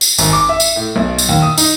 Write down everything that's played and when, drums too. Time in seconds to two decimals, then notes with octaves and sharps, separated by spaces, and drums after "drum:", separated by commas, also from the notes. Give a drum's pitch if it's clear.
0.01 drum: tambourine
0.18 G#1, drum: tambourine
0.33 D6
0.49 E5
0.60 drum: tambourine
0.76 A2
0.96 B1
1.18 drum: tambourine
1.29 D#2
1.42 D#6
1.58 D#4, drum: tambourine